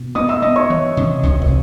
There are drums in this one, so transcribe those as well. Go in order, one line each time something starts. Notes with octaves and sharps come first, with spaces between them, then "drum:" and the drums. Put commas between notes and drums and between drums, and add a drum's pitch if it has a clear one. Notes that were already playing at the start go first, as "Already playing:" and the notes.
Already playing: B2
B3 D#5 D#6
E5 E6
B3 D#5 D#6
C#5 C#6
E3
C3
C3, drum: kick
drum: kick